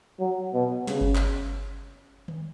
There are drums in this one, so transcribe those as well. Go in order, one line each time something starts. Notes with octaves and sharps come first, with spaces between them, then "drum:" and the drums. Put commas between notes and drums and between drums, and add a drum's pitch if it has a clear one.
F#3
B2
C#3, drum: snare
drum: kick G1
drum: clap
drum: tom D#3